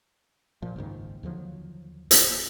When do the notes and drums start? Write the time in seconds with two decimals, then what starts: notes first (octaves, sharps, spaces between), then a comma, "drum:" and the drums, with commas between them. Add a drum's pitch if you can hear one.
0.62 A#2 F3
0.76 F#1 C#2 G#2 D#3
1.23 D#2 D3 F3 F#3
2.11 D1 A#3 C4 C#4, drum: hi-hat